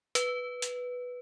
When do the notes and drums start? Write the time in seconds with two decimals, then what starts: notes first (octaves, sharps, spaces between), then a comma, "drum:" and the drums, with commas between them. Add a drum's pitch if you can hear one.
0.15 B4, drum: hi-hat
0.62 drum: hi-hat